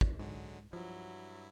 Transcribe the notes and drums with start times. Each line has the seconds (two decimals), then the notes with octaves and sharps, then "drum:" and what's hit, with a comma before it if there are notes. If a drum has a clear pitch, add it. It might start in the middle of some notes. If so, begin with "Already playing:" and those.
0.01 drum: kick
0.19 G#2 D3 F#3 G#3
0.73 G2 F3 F#3 E4